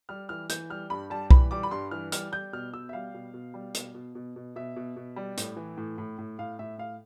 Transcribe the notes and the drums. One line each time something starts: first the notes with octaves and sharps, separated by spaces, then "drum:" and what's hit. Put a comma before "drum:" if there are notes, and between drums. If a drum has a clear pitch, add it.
G3 F6
E3 F6
E3 G6, drum: hi-hat
G3 F6
G2 B5
G3 A5
E3 B5, drum: kick B1
G3 D6
B5
G2 C6
E3 F6
G3 F6, drum: hi-hat
G3 G6
B2 F6
B2 E6
E5
G3 F5
B2
B2
G3
B2, drum: hi-hat
B2
B2
B2
B2 E5
B2
B2
G3
A2, drum: hi-hat
E3
A2
A2
A2
A2 F5
A2 E5
A2 F5